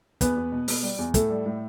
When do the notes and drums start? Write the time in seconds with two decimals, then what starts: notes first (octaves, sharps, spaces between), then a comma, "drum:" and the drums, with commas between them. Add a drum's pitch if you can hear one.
0.21 E2 B3 B4, drum: kick, hi-hat
0.36 E2
0.52 B2
0.68 B2, drum: open hi-hat
0.83 G3
0.99 E2
1.14 A2 A3 A4, drum: kick, hi-hat
1.30 G3
1.46 A2